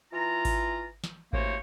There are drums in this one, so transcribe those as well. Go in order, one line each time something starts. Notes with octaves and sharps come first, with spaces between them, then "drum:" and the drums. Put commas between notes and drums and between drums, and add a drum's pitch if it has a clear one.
E3 F4 A#5
drum: kick G#1, open hi-hat
drum: snare
C2 F#2 A3 A#3 C5 C#5, drum: kick G#1